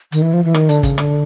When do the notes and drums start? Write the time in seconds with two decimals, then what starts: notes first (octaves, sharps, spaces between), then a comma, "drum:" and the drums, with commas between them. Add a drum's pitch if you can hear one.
0.12 D#3, drum: hi-hat
0.22 E3
0.34 F3
0.45 E3
0.54 D#3, drum: rim click
0.69 D3, drum: hi-hat
0.83 C#3, drum: kick, hi-hat
0.98 D3, drum: rim click